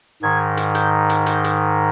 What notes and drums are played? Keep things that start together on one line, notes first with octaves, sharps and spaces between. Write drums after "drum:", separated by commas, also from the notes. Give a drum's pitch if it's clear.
G#2 D#3 G#6
drum: hi-hat
G6, drum: hi-hat
drum: hi-hat
G6, drum: hi-hat
drum: hi-hat